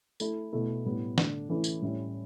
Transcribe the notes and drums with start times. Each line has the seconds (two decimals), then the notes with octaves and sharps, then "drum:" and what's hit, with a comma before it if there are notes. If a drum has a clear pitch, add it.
0.20 A3 E4 A4, drum: tambourine
0.53 B2 A3 E4
0.86 A2 G3 B3
1.18 D3 A3 D4, drum: snare
1.49 E3 A3 C#4 E4
1.64 drum: tambourine
1.82 A2 G3 C#4 E4